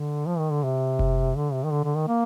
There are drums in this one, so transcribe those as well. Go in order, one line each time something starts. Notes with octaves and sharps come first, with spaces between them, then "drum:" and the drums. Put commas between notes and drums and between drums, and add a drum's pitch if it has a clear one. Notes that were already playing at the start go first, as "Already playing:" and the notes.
Already playing: D3
F3
D#3
D3
C3
drum: kick F#1
D3
C3
D#3
D3
D3
D#3
A#3